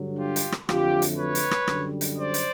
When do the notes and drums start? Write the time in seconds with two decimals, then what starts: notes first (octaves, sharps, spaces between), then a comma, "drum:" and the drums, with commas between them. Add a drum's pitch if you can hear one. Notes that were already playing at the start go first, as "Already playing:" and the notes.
Already playing: G2 D3 F#3
0.19 F4 G4
0.36 drum: hi-hat
0.52 drum: rim click
0.69 F2 D3 F#3 A3 F4 G4, drum: rim click
1.02 drum: hi-hat
1.18 B4 C#5
1.35 drum: hi-hat
1.51 drum: rim click
1.68 F#2 D3 G3, drum: rim click
2.01 drum: hi-hat
2.17 C5 D5
2.34 drum: hi-hat